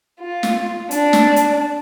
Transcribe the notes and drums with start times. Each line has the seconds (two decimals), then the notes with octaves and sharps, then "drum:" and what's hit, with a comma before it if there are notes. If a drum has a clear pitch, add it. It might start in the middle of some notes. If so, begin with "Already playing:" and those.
0.20 F4
0.43 drum: snare
0.91 D4, drum: hi-hat
1.13 drum: snare
1.36 drum: hi-hat